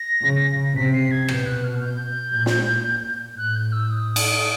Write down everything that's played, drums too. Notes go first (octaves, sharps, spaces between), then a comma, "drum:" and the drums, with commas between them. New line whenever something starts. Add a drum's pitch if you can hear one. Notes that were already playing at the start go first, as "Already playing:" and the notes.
Already playing: A#6
C#3
C3 B6
C7
G#6
B2 G6, drum: rim click
F#6
F6
G6
A#2
drum: snare
A2 F#6
G6
E6
D#6
drum: cymbal